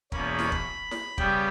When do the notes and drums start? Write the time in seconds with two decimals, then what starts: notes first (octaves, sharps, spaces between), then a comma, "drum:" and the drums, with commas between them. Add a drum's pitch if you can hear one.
0.12 E2 B2 A#3 C#4 B5, drum: kick
0.39 drum: snare
0.52 drum: kick
0.91 drum: snare
1.18 C#3 G3 B3 G5, drum: kick